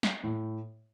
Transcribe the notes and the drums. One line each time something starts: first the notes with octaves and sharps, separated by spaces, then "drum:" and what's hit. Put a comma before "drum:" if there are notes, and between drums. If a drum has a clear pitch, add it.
drum: snare
A2